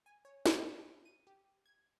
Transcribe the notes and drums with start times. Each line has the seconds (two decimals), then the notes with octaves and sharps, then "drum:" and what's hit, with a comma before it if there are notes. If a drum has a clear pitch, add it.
0.06 G#5
0.25 C#5
0.46 G5, drum: snare
1.05 D#7
1.27 G4
1.66 G#6